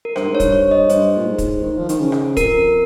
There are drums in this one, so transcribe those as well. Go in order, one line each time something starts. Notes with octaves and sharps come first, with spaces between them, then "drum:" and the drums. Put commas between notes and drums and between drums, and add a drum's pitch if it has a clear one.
A#4
G2 C5, drum: rim click
G#2
C#5
G2, drum: kick, hi-hat
C#5
D#5
G2 C5, drum: hi-hat
A#2
G#2
drum: kick, hi-hat
D#3
F3
D#3, drum: hi-hat
C#3
drum: rim click
F2 A#4, drum: kick, hi-hat